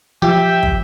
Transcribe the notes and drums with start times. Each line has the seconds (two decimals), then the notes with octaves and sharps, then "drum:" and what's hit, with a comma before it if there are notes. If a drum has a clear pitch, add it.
0.22 F3 G4 E5 G5
0.63 drum: kick